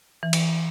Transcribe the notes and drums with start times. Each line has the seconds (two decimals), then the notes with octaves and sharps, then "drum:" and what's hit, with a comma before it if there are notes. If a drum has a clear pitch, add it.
0.23 E3
0.33 drum: cymbal